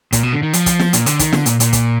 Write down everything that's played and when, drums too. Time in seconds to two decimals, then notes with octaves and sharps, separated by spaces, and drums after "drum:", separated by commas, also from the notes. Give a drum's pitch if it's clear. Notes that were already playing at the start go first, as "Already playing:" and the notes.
0.13 A#2, drum: kick, hi-hat
0.23 B2
0.33 D3
0.43 D#3
0.53 F3, drum: hi-hat
0.66 drum: kick, hi-hat
0.79 drum: snare
0.93 A#2, drum: hi-hat
1.06 D3, drum: hi-hat
1.19 D#3, drum: kick, hi-hat
1.33 D3, drum: snare
1.46 A#2, drum: hi-hat
1.60 A#2, drum: hi-hat
1.73 drum: kick, hi-hat